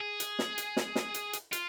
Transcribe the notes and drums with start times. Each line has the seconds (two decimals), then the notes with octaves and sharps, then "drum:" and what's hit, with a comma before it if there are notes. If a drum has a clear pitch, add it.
0.01 G#4
0.20 drum: hi-hat
0.39 drum: snare
0.58 drum: hi-hat
0.77 drum: snare
0.95 drum: snare
1.14 drum: hi-hat
1.33 drum: hi-hat
1.53 F4, drum: hi-hat